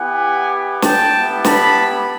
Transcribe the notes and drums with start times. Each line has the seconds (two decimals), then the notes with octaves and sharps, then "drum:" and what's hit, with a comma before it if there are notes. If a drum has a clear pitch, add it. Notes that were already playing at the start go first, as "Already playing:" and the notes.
Already playing: B3 E4 G4 F#5 G#5
0.82 G5 A5, drum: snare
1.14 B3 E4 G4
1.44 A5 B5, drum: snare